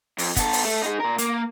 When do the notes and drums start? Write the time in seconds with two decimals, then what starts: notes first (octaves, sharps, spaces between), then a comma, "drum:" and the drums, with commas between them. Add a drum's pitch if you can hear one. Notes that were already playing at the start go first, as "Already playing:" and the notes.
0.18 F2, drum: open hi-hat
0.36 B3 A4, drum: kick, hi-hat
0.53 drum: open hi-hat
0.64 A3 A4
0.82 D#4 G#4
1.00 A#2 A#4
1.18 A#3, drum: hi-hat